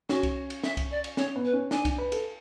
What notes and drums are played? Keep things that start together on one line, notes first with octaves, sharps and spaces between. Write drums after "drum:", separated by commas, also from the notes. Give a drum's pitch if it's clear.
C#4 F#4, drum: snare
drum: kick C2, cymbal
drum: cymbal
E5, drum: snare
drum: kick C2, cymbal
D5
drum: cymbal
C#4 C#5, drum: snare
B3
B4
C#4
D4 G#5, drum: snare
D4, drum: kick C2, cymbal
B4
A4, drum: cymbal